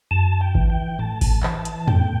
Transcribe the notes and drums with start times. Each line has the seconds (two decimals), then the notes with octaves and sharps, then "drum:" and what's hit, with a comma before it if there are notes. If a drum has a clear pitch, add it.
0.11 F#2 A5
0.41 G5
0.55 E3, drum: kick G#1
0.70 G5
0.99 A2 A5
1.21 drum: kick G#1, open hi-hat
1.43 E3, drum: clap
1.65 drum: hi-hat
1.88 A2 G5, drum: tom E2